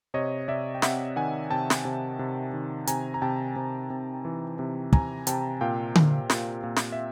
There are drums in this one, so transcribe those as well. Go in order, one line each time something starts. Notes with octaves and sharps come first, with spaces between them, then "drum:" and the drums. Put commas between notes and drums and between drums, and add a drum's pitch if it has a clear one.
C3 C#5 D#5
C3 D5 E5
G5
C3 E5 F#5, drum: snare
D#3 F#5 G#5
C3 G5 A5
drum: snare
C3
C3
D#3
C3 G#5 A#5, drum: hi-hat
A#5
C3 G5 A5
C3
C3
E3
C3
C3 G#5 A#5, drum: kick
C3 G5 A5, drum: hi-hat
A#2 F5 G5
A#2, drum: tom D3
A#2, drum: snare
A#2
drum: snare
E5